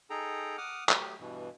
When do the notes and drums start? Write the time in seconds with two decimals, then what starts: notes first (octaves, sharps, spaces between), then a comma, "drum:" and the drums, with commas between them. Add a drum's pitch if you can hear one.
0.10 D#4 G#4 A4 G5 A#5
0.58 F#5 D6 D#6 F6
0.89 F#3 A3 G4, drum: clap
1.20 G2 B2 E3